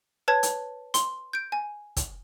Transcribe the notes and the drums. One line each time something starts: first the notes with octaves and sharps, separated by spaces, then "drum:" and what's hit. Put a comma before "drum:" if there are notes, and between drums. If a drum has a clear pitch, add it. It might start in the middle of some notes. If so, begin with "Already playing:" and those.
B4 C#5 A5 G#6
drum: hi-hat
C6, drum: hi-hat
G6 D7
G#5
drum: kick, hi-hat